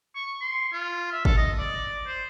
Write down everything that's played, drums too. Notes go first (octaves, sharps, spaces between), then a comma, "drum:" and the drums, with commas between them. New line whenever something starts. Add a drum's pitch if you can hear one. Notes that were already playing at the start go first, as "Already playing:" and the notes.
C#6
C6
F4
E5
A4, drum: kick G1
D#5
D5
C5